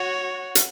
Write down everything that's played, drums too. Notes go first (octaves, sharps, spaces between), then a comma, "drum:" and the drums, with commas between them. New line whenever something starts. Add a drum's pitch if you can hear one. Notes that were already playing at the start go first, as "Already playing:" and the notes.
Already playing: F#4 C#5
drum: hi-hat